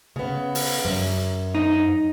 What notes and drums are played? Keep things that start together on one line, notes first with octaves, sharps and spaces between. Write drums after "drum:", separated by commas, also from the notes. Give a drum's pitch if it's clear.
C#3 B3
drum: open hi-hat
F#2
D#4